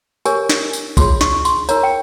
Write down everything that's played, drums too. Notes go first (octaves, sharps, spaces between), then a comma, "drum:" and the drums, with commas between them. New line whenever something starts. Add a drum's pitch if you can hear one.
G4 A#4 C#5 G#5, drum: tambourine
drum: snare
drum: tambourine
F4 G#4 C#5 C6, drum: kick B1, tambourine
C#6, drum: snare
C6, drum: tambourine
D#4 A#4 C#5 A#5, drum: tambourine
G5